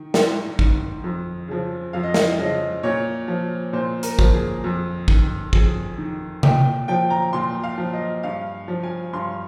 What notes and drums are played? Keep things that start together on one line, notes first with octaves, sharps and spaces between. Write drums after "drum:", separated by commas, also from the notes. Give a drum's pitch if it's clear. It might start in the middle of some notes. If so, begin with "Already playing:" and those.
Already playing: D#3
G#2, drum: snare
D#3, drum: kick
F2
C#3 F3
F2 F5
D#5
F5, drum: snare
C#3 F3 D#5
A#2 C#5
F3
A#2 C5
A#4, drum: hi-hat
F3, drum: kick
G#4
F2
D#3, drum: kick
F2 G#4, drum: kick
D#3
A#2 G5, drum: tom C3
F3 G5
A#5
A#2 C6
F5
F3
D#5
G2 F5
F3
G#5
G2 C6